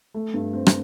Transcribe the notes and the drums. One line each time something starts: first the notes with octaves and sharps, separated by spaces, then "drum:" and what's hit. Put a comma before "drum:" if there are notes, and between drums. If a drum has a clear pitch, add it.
A3
G2
C4
drum: rim click